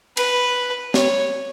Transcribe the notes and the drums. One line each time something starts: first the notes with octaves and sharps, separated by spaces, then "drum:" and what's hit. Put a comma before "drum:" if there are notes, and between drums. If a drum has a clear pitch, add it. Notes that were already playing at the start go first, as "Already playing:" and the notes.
B4, drum: cymbal
C#5, drum: snare